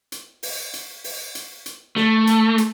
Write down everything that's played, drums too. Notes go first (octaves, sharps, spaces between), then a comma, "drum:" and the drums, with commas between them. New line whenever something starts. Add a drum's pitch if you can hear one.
drum: hi-hat
drum: open hi-hat
drum: hi-hat
drum: open hi-hat
drum: hi-hat
drum: hi-hat
A3, drum: snare
drum: hi-hat
drum: hi-hat